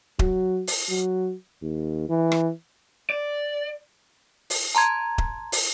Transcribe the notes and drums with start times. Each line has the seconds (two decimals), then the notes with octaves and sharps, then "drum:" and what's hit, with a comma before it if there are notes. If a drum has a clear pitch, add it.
0.19 F#3, drum: kick D#1
0.67 drum: open hi-hat
0.89 F#3
1.62 D#2
2.09 E3
2.32 drum: rim click
3.10 D5
4.50 drum: open hi-hat
4.75 A5 A#5 C6 G#6
5.18 drum: kick D#1
5.52 drum: open hi-hat